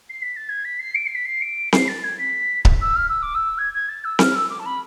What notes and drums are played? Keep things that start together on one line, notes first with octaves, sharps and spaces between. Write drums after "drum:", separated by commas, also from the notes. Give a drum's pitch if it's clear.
C7
B6
A6
G#6
B6
C7
D7
C7
B6
C7
D7
C7, drum: snare C4
A6
G#6
B6
drum: kick C#1
E6
F6
E6
D6
E6
G#6
G#6
A6
E6
F6, drum: snare C4
E6
D6
A5
B5